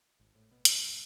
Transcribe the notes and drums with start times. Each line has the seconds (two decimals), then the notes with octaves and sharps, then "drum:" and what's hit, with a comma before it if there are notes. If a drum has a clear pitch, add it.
0.20 G#1
0.35 A2
0.51 B2
0.65 B2, drum: hi-hat
0.78 G2
0.91 A#1